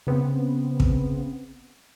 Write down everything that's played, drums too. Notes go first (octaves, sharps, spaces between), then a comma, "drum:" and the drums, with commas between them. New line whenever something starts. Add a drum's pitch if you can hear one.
C#3 B3 C4
drum: kick